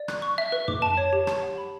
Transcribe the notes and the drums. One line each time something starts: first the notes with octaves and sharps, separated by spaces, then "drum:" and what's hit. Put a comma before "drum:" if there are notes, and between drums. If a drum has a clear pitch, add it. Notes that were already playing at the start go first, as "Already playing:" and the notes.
Already playing: D5
F#6, drum: rim click
C#6
E5
B4
D6, drum: tom
A5
C#5
G4
A5, drum: rim click
F#5
B5